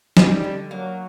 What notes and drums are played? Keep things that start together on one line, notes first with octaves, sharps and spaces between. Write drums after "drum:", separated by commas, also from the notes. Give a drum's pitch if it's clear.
G3 D#4, drum: snare
D3
F#3 A#3